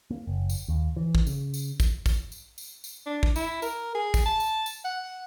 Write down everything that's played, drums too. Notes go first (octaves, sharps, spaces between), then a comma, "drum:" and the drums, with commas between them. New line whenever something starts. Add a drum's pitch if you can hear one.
A#3
F#1
drum: tambourine
D#2
E3
drum: kick
C#3, drum: tambourine
drum: tambourine
drum: kick, tambourine
drum: kick, tambourine
drum: tambourine
drum: tambourine
drum: tambourine
D4
drum: kick
E4, drum: tambourine
A#4, drum: tambourine
G#4
drum: kick, tambourine
A5
drum: tambourine
drum: tambourine
F#5